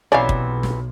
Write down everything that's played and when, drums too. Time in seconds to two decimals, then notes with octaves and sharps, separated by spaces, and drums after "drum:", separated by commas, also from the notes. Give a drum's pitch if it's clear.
0.12 B1 C3 E3 B3 C#4 D5 F5
0.29 drum: kick
0.63 drum: snare